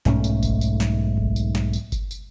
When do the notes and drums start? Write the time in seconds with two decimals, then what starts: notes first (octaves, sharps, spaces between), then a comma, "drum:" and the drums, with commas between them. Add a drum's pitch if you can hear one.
0.05 B1 G#2 A3 C#4, drum: snare
0.24 drum: tambourine
0.43 drum: kick G1, tambourine
0.61 drum: tambourine
0.80 drum: snare
1.17 drum: kick G1
1.36 drum: tambourine
1.55 drum: snare
1.73 drum: tambourine
1.92 drum: kick G1, tambourine
2.11 drum: tambourine